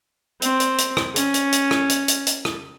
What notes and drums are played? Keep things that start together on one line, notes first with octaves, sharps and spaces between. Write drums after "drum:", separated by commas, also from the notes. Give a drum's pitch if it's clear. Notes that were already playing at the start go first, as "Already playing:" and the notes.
C4, drum: hi-hat
drum: hi-hat
drum: hi-hat
drum: rim click
C#4, drum: hi-hat
drum: hi-hat
drum: hi-hat
drum: rim click
drum: hi-hat
drum: hi-hat
drum: hi-hat
drum: rim click